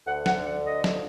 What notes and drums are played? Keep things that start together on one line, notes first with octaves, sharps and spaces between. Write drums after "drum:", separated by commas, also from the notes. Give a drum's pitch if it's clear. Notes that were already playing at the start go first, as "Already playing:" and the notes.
D2 F#5
F#5, drum: snare
D3
F#5
D2 D#5
drum: snare
F3